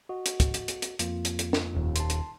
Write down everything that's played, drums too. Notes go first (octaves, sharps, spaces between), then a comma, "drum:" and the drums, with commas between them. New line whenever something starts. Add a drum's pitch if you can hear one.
F#4 D#5
drum: hi-hat
drum: kick, hi-hat
drum: hi-hat
drum: hi-hat
drum: hi-hat
F2 A#3 F4, drum: hi-hat
drum: hi-hat
drum: hi-hat
drum: snare
D#1 D#2
A5 C6, drum: hi-hat
drum: hi-hat